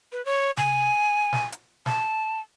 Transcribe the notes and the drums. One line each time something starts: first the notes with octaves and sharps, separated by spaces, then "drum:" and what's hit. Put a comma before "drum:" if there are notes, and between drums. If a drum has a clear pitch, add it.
B4
C#5
G#5, drum: tom C3
drum: snare
drum: hi-hat
A5, drum: snare